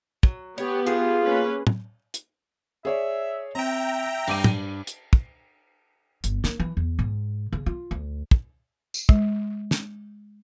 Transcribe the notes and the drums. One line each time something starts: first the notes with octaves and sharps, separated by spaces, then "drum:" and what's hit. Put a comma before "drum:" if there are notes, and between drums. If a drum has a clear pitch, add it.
F#3, drum: kick
B3 G4 C#5
F4 G#4
A#3 C#4 B4
drum: tom
drum: hi-hat
G#4 C#5 D5 E5
C4 E5 G5 A#5
G2 D6 D#7, drum: cymbal
drum: tom
drum: hi-hat
drum: kick
G1, drum: hi-hat
A#3, drum: snare
E3
E2
G#2
C#3
F4
D2
drum: kick
drum: tambourine
G#3, drum: kick
drum: snare